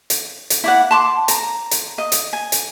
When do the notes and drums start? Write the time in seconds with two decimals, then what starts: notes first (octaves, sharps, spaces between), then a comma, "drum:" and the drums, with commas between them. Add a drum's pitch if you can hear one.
0.10 drum: hi-hat
0.50 drum: hi-hat
0.64 E4 D5 F#5
0.91 A5 C6 D6
1.28 A#5, drum: hi-hat
1.71 drum: hi-hat
1.98 D#5
2.12 drum: hi-hat
2.33 G#5
2.52 drum: hi-hat